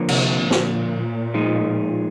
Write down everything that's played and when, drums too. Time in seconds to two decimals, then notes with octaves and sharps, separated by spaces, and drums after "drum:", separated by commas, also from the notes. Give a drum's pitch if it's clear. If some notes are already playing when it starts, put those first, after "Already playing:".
Already playing: D3 F3 A#3
0.09 C3, drum: cymbal
0.51 A#2, drum: snare
1.34 F3 G#3 D#4